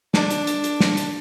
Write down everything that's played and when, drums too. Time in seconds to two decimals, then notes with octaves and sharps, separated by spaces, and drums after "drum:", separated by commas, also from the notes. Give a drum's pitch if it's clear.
0.14 D4, drum: snare
0.30 drum: hi-hat
0.47 drum: hi-hat
0.64 drum: hi-hat
0.81 drum: snare
0.97 drum: hi-hat